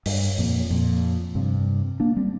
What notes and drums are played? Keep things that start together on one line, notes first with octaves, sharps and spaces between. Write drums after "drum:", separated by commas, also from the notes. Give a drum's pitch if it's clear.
G2, drum: open hi-hat
F2 A#2
F2 A#2
G2 C3
A#3 D4
G3 C4